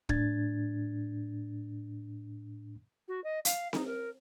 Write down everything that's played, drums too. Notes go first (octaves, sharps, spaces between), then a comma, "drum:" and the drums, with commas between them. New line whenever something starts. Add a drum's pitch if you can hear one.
A2 D4 G#6 A6, drum: kick
F#4
D#5
F5, drum: hi-hat
D#4, drum: snare C4
A#4